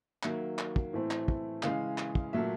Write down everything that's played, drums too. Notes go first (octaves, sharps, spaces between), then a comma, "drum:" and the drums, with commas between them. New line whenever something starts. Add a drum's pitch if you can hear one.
D#3 F#3 A#3 E5, drum: clap
drum: clap
drum: kick
A2 E3 A3 C4
drum: clap
drum: kick
C#3 E3 G#3 F5, drum: clap
drum: clap
drum: kick
A#2 F#3 A3 E5